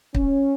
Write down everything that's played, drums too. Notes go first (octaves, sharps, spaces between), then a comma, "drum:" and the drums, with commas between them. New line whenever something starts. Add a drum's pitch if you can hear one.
C#4, drum: kick